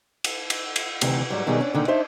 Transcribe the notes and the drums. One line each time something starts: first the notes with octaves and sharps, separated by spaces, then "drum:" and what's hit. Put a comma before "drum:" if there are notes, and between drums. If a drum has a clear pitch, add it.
drum: cymbal
drum: cymbal
drum: cymbal
D2 C3 D#3 E3, drum: cymbal
G#2 F#3 G3
B2 D#3 F#3 G3 G#4
C#4 D4
A#2 D3 D#3
D4 D#4 C5 E5